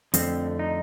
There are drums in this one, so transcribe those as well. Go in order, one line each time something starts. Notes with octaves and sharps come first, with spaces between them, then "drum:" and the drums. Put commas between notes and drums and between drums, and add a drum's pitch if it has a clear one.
F2 D3 F3 A3 C4, drum: hi-hat
D#4